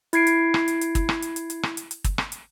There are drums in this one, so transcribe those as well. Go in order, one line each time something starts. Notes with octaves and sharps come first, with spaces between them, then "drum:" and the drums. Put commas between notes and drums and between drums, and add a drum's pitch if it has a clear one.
E4 G#6 C7 D7, drum: hi-hat
drum: hi-hat
drum: rim click
drum: hi-hat
drum: hi-hat
drum: kick, hi-hat
drum: rim click
drum: hi-hat
drum: hi-hat
drum: hi-hat
drum: rim click
drum: hi-hat
drum: hi-hat
drum: kick, hi-hat
drum: rim click
drum: hi-hat